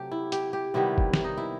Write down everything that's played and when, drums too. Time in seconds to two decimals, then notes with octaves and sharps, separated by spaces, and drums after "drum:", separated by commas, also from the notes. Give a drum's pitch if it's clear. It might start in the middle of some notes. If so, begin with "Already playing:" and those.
Already playing: C3 F#3 A3 G4
0.12 E4
0.32 G4, drum: hi-hat
0.53 G4
0.74 C3 D#3 G3 B3 E4
0.98 drum: kick G1
1.13 drum: snare
1.24 D#4
1.38 E4